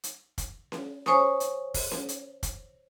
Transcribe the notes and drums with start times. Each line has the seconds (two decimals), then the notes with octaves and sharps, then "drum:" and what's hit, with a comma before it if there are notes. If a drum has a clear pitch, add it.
0.04 drum: hi-hat
0.38 drum: kick, hi-hat
0.72 drum: snare C#4
1.06 C5 C#5 G#5 C#6 D#6, drum: snare C#4
1.40 drum: hi-hat
1.74 drum: kick, open hi-hat
1.91 drum: snare C#4
2.09 drum: hi-hat
2.43 drum: kick, hi-hat